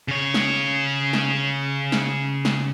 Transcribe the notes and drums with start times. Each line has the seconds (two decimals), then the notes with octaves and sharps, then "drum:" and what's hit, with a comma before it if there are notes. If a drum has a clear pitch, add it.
0.08 C#3 C#5
0.34 drum: snare
1.13 drum: snare
1.92 drum: snare
2.45 drum: snare